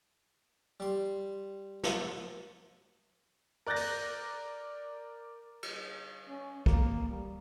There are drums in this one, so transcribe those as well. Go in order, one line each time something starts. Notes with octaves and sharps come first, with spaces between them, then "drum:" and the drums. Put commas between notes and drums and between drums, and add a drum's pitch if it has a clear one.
G3 C6
drum: snare
A#4 D5 F#6 G6 A6 A#6
drum: open hi-hat
drum: cymbal
C#4
A#3, drum: kick
G3